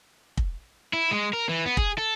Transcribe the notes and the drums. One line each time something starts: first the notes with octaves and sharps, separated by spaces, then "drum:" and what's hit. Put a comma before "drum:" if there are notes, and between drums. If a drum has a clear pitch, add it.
drum: kick
E4
G#3
A#4
E3
B3
G#4, drum: kick
A4